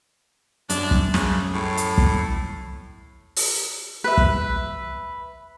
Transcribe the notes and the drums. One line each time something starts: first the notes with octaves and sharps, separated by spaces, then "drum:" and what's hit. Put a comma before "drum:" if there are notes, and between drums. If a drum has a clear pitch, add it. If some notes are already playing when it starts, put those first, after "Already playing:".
F#2 D4, drum: hi-hat
drum: kick
C#3, drum: snare
A2
drum: hi-hat
drum: kick
drum: open hi-hat
B4 E5
drum: kick